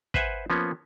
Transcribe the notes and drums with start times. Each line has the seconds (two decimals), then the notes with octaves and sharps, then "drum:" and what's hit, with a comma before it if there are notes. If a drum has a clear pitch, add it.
0.14 B4 C5 E5 F#5 G#5, drum: kick
0.50 F3 A#3 B3 C#4